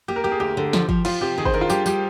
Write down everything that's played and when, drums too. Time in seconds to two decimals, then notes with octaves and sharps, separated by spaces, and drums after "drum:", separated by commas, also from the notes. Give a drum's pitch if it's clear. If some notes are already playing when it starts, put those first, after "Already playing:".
0.08 A#3 G4
0.16 A#4
0.24 A#3 G4
0.32 G#4
0.40 D2 G4
0.57 D3
0.73 F3, drum: snare
0.89 F3, drum: kick
1.05 F3 F4, drum: cymbal
1.21 C3 G4
1.38 D#3 G#4
1.45 C5, drum: kick
1.54 D4 A#4
1.61 F4
1.70 G3 G4, drum: tambourine
1.86 G3 G4, drum: tambourine